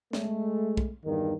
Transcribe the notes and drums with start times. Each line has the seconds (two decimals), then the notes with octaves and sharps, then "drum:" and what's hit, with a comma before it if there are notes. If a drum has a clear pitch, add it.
0.13 G#3 A3, drum: snare
0.77 drum: kick
1.05 E2 G2 D#3